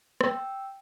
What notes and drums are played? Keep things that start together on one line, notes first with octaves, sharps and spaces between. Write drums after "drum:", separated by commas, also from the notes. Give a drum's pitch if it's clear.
G5 E6, drum: rim click